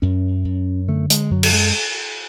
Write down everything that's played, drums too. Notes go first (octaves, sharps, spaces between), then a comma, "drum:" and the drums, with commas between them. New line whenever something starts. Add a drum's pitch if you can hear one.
F#2 C#4
F#2
D3 A3
G#3, drum: hi-hat
F#2 F#3
drum: cymbal
G#3